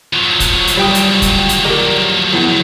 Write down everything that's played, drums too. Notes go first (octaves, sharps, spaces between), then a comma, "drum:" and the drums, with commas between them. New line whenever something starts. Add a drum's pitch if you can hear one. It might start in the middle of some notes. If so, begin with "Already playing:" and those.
F3 F#3
drum: kick, hi-hat
drum: hi-hat
G3 G5 D#6
drum: hi-hat
drum: kick, hi-hat
drum: hi-hat
G4 A#4 D5
E2